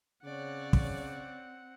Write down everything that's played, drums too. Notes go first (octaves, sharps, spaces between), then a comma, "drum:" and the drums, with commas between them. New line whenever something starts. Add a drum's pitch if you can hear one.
C#3 C4 C#5 D5 F#5
drum: kick